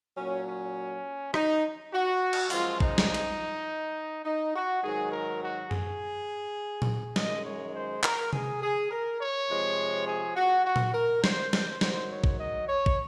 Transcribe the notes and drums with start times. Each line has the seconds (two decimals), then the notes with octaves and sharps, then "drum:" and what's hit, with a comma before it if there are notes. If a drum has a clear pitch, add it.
0.17 A#2 F#3 C#4
0.47 C#4
1.34 D#4, drum: rim click
1.93 F#4
2.33 drum: cymbal
2.50 F#2 F3 G#3 F4, drum: open hi-hat
2.80 D#4, drum: kick
2.98 drum: snare
3.14 drum: cymbal
4.25 D#4
4.55 F#4
4.84 G#2 D#3 F#3 G#4
5.12 A#4
5.42 F#4
5.71 G#4, drum: tom F#2
6.82 drum: tom A#2
7.16 F#2 D#3 G#3 D#5, drum: snare
7.45 C#5
7.74 C5
8.03 A#4, drum: clap
8.33 G#4, drum: tom C3
8.62 G#4
8.91 A#4
9.20 C#5
9.49 C3 F3 G#3
10.08 G#4
10.36 F#4
10.65 F#4
10.76 drum: tom A#2
10.94 A#4
11.24 C5, drum: snare
11.53 C5, drum: snare
11.81 G#2 D#3 F#3 C5, drum: snare
12.11 C#5
12.24 drum: kick
12.40 D#5
12.68 C#5
12.86 drum: kick